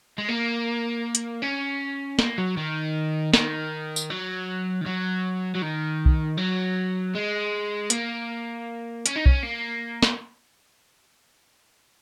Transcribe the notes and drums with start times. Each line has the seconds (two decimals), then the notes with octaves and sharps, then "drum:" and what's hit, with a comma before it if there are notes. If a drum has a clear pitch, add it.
0.18 G#3
0.29 A#3
1.15 drum: hi-hat
1.43 C#4
2.19 A#3, drum: snare
2.38 F#3
2.57 D#3
3.34 D#3, drum: snare
3.96 drum: tambourine
4.10 F#3
4.81 D#3
4.86 F#3
5.55 F#3
5.62 D#3
6.06 drum: kick B1
6.38 F#3
7.15 G#3
7.90 A#3, drum: hi-hat
9.06 C#4, drum: hi-hat
9.16 D#4
9.26 C#4, drum: kick B1
9.43 A#3
10.03 drum: snare